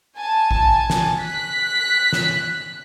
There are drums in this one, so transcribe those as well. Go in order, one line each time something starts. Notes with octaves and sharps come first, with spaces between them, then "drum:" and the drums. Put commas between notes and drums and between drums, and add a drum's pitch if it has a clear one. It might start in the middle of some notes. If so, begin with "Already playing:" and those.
G#5 A5
drum: kick A1
drum: snare
F#6 B6
drum: snare